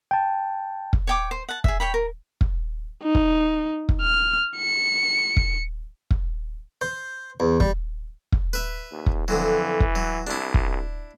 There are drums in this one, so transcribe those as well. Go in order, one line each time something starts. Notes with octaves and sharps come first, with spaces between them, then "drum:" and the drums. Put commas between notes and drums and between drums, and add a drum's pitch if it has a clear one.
G5 A5
drum: kick
C#5 G5 D6
C5
F#5 A5
G#4 E5, drum: kick
C#5 G5 B5
A#4
drum: kick
D#4
drum: kick
drum: kick
F6
C#7
drum: kick
drum: kick
C5
E2
G3, drum: kick
drum: kick
B4 E5
D#2
drum: kick
F2 D3 E3 F#3
drum: kick
F#3
C2 D4 E4
drum: kick